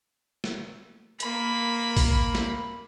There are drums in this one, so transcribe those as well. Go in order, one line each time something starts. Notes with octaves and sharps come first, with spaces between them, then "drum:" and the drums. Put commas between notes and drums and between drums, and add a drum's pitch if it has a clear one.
drum: snare
A#3 B5, drum: hi-hat
drum: kick, open hi-hat
drum: snare